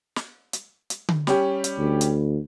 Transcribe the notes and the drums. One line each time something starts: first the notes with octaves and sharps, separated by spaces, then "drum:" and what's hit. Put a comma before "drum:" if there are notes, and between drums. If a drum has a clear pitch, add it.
drum: snare
drum: hi-hat
drum: hi-hat
drum: tom D3
G3 C#4 G4, drum: snare
drum: hi-hat
D2
drum: hi-hat